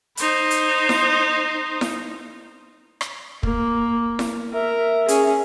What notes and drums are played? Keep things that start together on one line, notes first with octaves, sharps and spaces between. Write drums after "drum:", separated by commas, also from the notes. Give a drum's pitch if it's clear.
D#4 C5, drum: hi-hat
drum: hi-hat
drum: snare E4
drum: snare E4
drum: rim click
A#3, drum: kick
drum: snare E4
A#4 E5
C#4 G#4, drum: hi-hat